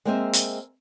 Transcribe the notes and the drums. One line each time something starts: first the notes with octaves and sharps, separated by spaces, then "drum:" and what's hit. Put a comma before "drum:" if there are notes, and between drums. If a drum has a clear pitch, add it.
G#3 A#3 C4 C5 D#5 E5
drum: hi-hat